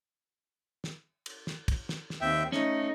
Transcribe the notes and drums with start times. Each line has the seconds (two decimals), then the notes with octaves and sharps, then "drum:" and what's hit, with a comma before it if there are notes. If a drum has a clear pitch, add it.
0.84 drum: snare
1.26 drum: cymbal
1.47 drum: snare
1.68 drum: kick, cymbal
1.89 drum: snare
2.10 drum: snare
2.21 D#2 C4 E5 G5
2.52 A3 C#4 D#4, drum: snare